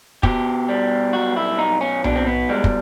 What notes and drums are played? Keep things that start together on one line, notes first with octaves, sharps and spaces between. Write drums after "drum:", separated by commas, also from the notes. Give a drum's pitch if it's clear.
B2 G4, drum: kick
G3
B1 F#4
E4
B1 D#4
C#4
B2 D4, drum: tom B1
C4
B3
G3 G#3
drum: kick